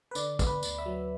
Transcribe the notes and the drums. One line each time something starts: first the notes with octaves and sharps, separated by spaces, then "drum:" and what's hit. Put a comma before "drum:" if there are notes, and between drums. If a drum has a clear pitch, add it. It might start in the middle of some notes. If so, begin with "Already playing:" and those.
B4
D3 D5, drum: tambourine
B3, drum: kick, tambourine
B4
D2, drum: tambourine
E5
F#3